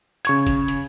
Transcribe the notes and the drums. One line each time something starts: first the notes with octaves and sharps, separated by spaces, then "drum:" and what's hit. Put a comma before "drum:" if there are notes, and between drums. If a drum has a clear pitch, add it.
C#3 C#6 G#6, drum: hi-hat
drum: kick F1, hi-hat
drum: hi-hat